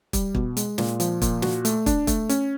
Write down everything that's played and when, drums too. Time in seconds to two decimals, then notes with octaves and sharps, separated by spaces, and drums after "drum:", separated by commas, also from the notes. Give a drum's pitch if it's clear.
0.13 G3, drum: kick, hi-hat
0.35 B2, drum: kick
0.57 G#3, drum: hi-hat
0.78 A#2, drum: snare
1.00 F3, drum: hi-hat
1.22 A#2, drum: kick, hi-hat
1.42 F#4, drum: snare
1.65 A3, drum: hi-hat
1.86 D4, drum: kick, hi-hat
2.07 A3, drum: kick, hi-hat
2.29 C#4, drum: hi-hat